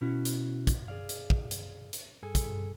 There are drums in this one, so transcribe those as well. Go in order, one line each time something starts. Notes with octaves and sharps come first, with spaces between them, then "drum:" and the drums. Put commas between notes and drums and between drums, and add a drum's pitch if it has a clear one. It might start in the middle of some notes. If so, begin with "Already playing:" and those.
B2 C#4 E4 F#4
drum: hi-hat
drum: kick, hi-hat
G#4 D5 F5
drum: hi-hat
drum: kick
drum: hi-hat
drum: hi-hat
G2 G#4 A4 G#5
drum: kick, hi-hat